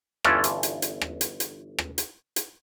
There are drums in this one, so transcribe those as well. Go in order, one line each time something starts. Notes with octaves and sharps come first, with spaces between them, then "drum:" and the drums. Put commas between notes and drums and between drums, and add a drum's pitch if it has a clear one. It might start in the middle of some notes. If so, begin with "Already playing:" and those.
G1 E3 C#4 F4 A4 D5, drum: rim click
drum: hi-hat
drum: hi-hat
drum: hi-hat
drum: rim click
drum: hi-hat
drum: hi-hat
drum: rim click
drum: hi-hat
drum: hi-hat